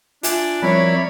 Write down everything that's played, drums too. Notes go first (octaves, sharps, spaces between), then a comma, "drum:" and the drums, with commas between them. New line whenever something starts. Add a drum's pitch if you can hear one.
D4 F4 E5 G#5, drum: hi-hat
F3 G3 C4 E4 A#4 C#5 D5 B5